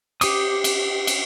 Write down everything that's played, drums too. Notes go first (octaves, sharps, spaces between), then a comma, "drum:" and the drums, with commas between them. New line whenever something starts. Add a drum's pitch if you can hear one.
G4 D6 D#6, drum: cymbal
drum: cymbal
drum: cymbal